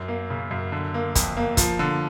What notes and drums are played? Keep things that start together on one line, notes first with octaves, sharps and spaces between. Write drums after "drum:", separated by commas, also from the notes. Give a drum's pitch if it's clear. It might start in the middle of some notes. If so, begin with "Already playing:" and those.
Already playing: F#2
A#3
C#3
F#2
D3
A#3
F2, drum: kick, hi-hat
A#3
F3, drum: kick, hi-hat
D3